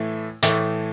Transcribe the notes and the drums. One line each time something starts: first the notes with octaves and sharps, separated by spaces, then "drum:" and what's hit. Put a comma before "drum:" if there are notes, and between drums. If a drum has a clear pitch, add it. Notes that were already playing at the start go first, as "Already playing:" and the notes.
Already playing: A2 E3 A3
A2 E3 A3, drum: hi-hat